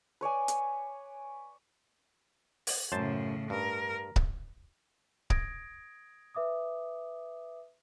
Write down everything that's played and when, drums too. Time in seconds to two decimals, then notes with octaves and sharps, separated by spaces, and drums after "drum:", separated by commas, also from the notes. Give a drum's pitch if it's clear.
0.21 B4 C#5 D5 G#5
0.48 drum: hi-hat
2.67 drum: open hi-hat
2.92 F#2 A2 C#3 C5 A5
3.50 G2 A#4
4.16 drum: kick C#1
5.30 D#6 G#6 A#6 D7, drum: kick C#1
6.35 B4 E5 D6 D#6